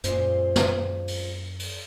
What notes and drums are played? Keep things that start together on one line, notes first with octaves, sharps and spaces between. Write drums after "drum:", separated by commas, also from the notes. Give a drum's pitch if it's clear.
F#2 A#2 G#3 C4 F4 C5, drum: hi-hat
drum: snare
drum: open hi-hat
drum: open hi-hat